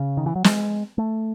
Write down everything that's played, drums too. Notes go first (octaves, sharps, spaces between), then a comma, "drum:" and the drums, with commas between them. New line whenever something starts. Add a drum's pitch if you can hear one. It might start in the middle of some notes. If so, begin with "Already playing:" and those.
Already playing: C#3
D#3
E3
F#3
G#3, drum: snare
A3